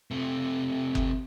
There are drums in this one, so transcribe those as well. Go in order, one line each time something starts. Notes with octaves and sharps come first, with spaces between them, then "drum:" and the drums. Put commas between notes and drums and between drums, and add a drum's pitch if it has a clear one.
C3 A3
drum: kick F#1